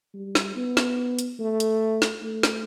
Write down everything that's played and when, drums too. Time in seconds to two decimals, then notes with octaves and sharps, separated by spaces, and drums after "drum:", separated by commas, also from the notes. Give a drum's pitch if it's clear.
0.14 G3
0.35 drum: snare
0.56 B3
0.77 drum: snare
1.19 drum: hi-hat
1.40 A3
1.60 drum: hi-hat
2.02 drum: snare
2.23 A3
2.43 drum: snare